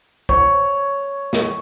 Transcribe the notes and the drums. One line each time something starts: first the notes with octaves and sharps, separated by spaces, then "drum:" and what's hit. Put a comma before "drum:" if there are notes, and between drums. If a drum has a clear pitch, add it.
C#5, drum: kick
drum: snare